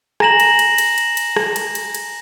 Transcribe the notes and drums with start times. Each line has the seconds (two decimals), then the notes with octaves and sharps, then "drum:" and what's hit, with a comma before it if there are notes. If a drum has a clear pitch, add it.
0.20 G#5 A#5 A#6 E7 F#7, drum: rim click
0.40 drum: cymbal
0.59 drum: cymbal
0.78 drum: cymbal
0.98 drum: cymbal
1.17 drum: cymbal
1.36 drum: rim click
1.56 drum: cymbal
1.75 drum: cymbal
1.95 drum: cymbal